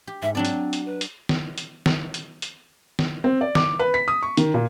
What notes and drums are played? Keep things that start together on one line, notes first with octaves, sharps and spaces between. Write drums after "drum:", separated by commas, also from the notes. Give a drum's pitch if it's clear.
G4
G#2 E5
F#3 C4 D4 D5
drum: hi-hat
drum: hi-hat
B4
drum: hi-hat
drum: snare
drum: hi-hat
drum: snare
drum: hi-hat
drum: hi-hat
drum: snare
C4
D5
D6, drum: snare
B4
B6
D#6
C#6
D#3, drum: hi-hat
A#2